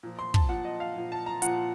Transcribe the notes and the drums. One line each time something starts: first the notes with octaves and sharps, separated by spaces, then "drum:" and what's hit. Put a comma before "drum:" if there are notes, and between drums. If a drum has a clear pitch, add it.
A#2 F3
C6
A5, drum: kick
A#2 F3 F#5
D#5
F5
A#2 F3
A5
A#5
A#2 F3 F#5, drum: hi-hat